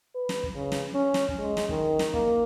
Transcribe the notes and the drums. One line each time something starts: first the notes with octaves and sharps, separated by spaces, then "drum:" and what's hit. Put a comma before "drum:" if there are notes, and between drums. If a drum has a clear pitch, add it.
B4
drum: snare
drum: kick
C#3
drum: snare
C#4
drum: snare
drum: kick
G#3
drum: snare
D#3, drum: kick
drum: snare
A#3, drum: kick